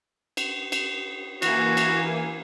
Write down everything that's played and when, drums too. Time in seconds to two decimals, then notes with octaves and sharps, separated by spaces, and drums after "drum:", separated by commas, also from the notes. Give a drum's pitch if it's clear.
0.37 drum: cymbal
0.72 drum: cymbal
1.42 E3 A#3 F#4 G#5, drum: cymbal
1.77 drum: cymbal